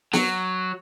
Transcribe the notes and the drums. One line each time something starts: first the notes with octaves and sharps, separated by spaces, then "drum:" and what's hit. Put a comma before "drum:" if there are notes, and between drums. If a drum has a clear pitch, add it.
F#3, drum: snare